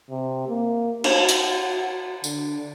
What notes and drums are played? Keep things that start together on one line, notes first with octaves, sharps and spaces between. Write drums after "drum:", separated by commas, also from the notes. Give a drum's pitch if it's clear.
C3
A#3
F#4, drum: cymbal
drum: hi-hat
D3, drum: tambourine